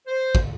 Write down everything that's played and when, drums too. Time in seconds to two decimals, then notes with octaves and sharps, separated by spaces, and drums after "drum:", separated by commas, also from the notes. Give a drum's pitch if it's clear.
0.07 C5
0.35 drum: kick